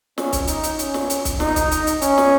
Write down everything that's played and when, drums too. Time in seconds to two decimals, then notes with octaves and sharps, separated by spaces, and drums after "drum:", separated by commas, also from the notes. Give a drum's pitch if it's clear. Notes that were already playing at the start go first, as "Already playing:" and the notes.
0.18 C#4, drum: snare
0.33 drum: kick, hi-hat
0.47 D#4, drum: hi-hat
0.63 drum: hi-hat
0.79 C#4, drum: hi-hat
0.94 drum: snare
1.10 drum: hi-hat
1.25 drum: kick, hi-hat
1.40 D#4, drum: snare
1.56 drum: kick, hi-hat
1.71 drum: hi-hat
1.87 drum: hi-hat
2.02 C#4, drum: hi-hat
2.18 drum: snare